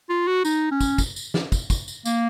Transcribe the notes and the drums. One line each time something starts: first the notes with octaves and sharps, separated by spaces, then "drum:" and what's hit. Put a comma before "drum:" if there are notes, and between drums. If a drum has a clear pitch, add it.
F4
F#4
D#4, drum: tambourine
C#4
drum: kick, tambourine
drum: kick, tambourine
drum: tambourine
drum: snare
drum: kick, tambourine
drum: kick, tambourine
drum: tambourine
A#3, drum: tambourine